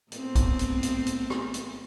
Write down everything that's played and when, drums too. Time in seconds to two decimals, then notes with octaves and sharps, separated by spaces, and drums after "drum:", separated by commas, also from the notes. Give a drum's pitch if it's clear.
0.12 A2 B3 C4, drum: hi-hat
0.35 drum: kick B1, hi-hat
0.59 drum: hi-hat
0.83 drum: hi-hat
1.07 drum: hi-hat
1.30 drum: rim click
1.54 drum: hi-hat